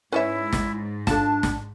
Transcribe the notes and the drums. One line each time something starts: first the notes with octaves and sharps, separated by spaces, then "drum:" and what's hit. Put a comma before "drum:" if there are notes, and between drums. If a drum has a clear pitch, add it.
G#2 C#4 E4 B4 D5 E5
drum: snare
D4 F4 A4 A5, drum: snare
drum: snare